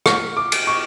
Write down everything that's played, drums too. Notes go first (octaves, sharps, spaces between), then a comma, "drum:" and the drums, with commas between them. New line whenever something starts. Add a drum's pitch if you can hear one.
C#6 F6, drum: rim click
D6
D7, drum: cymbal
C#6